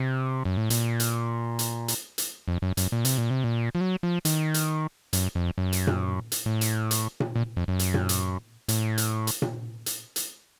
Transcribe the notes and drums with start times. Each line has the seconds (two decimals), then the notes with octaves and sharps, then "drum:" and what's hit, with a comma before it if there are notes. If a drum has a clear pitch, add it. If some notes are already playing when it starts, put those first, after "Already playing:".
Already playing: C3
0.45 F#2
0.57 A2
0.70 A#2, drum: hi-hat
1.00 drum: hi-hat
1.59 drum: hi-hat
1.88 drum: hi-hat
2.18 drum: hi-hat
2.48 F2
2.62 F#2
2.77 F#2, drum: hi-hat
2.92 A#2
3.05 C3, drum: hi-hat
3.18 A#2
3.30 C3
3.44 A#2
3.75 F3
3.81 F#3
4.03 F3
4.25 D#3, drum: hi-hat
4.54 drum: hi-hat
5.13 F#2, drum: hi-hat
5.35 F2
5.58 F#2
5.72 drum: hi-hat
5.87 drum: tom A#2
6.32 drum: hi-hat
6.46 A2
6.61 drum: hi-hat
6.91 drum: hi-hat
7.20 drum: tom A#2
7.36 A#2
7.57 F2
7.68 F#2
7.79 drum: hi-hat
7.94 drum: tom A#2
8.09 drum: hi-hat
8.68 A2, drum: hi-hat
8.98 drum: hi-hat
9.27 drum: hi-hat
9.42 drum: tom A#2
9.86 drum: hi-hat
10.16 drum: hi-hat